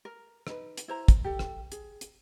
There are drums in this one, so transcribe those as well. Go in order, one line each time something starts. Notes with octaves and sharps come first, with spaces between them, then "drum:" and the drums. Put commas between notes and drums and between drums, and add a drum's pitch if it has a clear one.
A#4
D#4 B4, drum: rim click
drum: hi-hat
E4 C5 A#5
drum: kick, hi-hat
G4 A4
drum: rim click
G#4, drum: hi-hat
drum: hi-hat